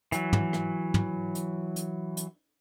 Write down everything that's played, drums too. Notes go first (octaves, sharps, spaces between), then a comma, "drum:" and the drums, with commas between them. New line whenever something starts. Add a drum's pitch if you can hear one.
E3 F#3, drum: hi-hat
drum: tom
drum: rim click
drum: tom
drum: hi-hat
drum: hi-hat
drum: hi-hat